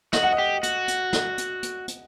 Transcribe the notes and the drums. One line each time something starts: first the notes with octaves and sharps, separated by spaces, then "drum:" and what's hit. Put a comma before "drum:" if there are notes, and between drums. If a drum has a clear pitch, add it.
F#4 D#5, drum: snare
F#5
D#5
G4
F#4, drum: hi-hat
drum: hi-hat
drum: snare
drum: hi-hat
drum: hi-hat
drum: hi-hat